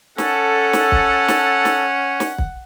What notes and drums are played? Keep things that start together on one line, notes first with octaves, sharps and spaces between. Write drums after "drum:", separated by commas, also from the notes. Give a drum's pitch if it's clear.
C#4 A4 F#5, drum: snare
drum: snare
drum: kick
drum: snare
drum: snare
drum: snare
drum: kick